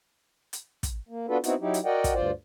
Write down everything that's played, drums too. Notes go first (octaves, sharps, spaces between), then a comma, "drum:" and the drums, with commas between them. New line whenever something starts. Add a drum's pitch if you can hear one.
drum: hi-hat
drum: kick, hi-hat
A#3
B3 D4 F4 F#4 A4 B4
B3 C4 D#4 E4 F#4, drum: hi-hat
F#3 D#4 E4 G4
drum: hi-hat
F#4 A#4 D5 D#5 F#5 G5
drum: kick, hi-hat
D2 G2 F4 C5 D5